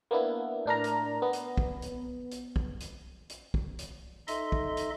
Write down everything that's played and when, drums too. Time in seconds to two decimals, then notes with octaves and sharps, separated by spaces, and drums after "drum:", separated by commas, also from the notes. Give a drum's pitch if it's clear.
0.11 A#3 B3 D4 E4
0.66 A2 D4 A#4 A#5
0.84 drum: hi-hat
1.22 B3
1.33 drum: hi-hat
1.58 drum: kick
1.82 drum: hi-hat
2.31 drum: hi-hat
2.56 drum: kick
2.80 drum: hi-hat
3.29 drum: hi-hat
3.54 drum: kick
3.79 drum: hi-hat
4.28 D#4 A4 D#5 E5 C6, drum: hi-hat
4.52 drum: kick
4.77 drum: hi-hat